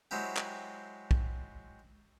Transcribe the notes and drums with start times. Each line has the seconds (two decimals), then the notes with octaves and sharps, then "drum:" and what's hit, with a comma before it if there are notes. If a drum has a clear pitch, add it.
0.11 F#3 G#3 C4 E4 G4
0.37 drum: clap
1.11 drum: kick